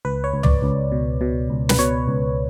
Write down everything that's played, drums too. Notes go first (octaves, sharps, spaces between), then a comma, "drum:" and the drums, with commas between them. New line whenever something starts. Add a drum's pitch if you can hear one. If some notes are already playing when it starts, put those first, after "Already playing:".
C#2 B4
C#5
C#2
D5, drum: tom
C#2
B2
B2
C#2
B4, drum: snare
B2 C#5
C#2